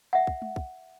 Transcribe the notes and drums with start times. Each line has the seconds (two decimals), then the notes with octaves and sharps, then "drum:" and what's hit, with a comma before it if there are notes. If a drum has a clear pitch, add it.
0.13 E5 F#5
0.27 drum: kick
0.42 drum: tom G#3
0.56 drum: kick